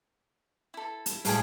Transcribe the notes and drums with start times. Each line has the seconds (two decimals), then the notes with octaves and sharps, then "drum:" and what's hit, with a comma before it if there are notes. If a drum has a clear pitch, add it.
0.74 E4 A4
1.06 drum: hi-hat
1.25 A2 G#3 G#4 A4 F5, drum: open hi-hat